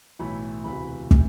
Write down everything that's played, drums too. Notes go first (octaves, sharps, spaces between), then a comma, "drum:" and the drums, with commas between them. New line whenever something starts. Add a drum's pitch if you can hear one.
B1 A2 E3 B5
E1 D2 C3 E3 B5
A2 E3, drum: kick